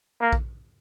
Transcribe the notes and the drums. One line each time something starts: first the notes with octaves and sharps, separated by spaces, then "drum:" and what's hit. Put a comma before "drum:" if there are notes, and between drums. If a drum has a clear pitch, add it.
A#3
drum: kick A#1